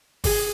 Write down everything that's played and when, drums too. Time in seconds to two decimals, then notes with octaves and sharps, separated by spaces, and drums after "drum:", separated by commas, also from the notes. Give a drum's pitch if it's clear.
0.24 G#4, drum: kick, open hi-hat